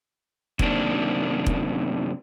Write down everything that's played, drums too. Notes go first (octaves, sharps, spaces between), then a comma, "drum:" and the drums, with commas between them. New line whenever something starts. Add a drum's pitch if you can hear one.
F#2 C3 D#3 A#3 D4, drum: kick
drum: kick